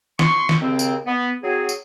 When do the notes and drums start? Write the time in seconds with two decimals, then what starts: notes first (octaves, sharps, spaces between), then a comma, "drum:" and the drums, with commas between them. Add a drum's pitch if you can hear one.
0.19 C6 C#6, drum: snare
0.49 drum: snare
0.62 D#2 C#3 C4
0.79 drum: tambourine
1.07 B3
1.43 F#3 C4 G#4
1.69 drum: tambourine